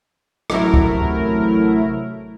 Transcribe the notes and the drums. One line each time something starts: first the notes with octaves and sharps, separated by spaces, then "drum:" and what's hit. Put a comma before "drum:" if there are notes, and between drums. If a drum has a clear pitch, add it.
A1 C3 F#3 A3 E4 A#4, drum: rim click
drum: kick